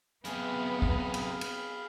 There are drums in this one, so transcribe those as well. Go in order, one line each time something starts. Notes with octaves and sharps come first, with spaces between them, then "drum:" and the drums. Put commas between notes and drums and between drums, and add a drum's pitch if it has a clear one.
F#2 C3 B3 G#4 F5 B5, drum: hi-hat
drum: kick
drum: cymbal
drum: cymbal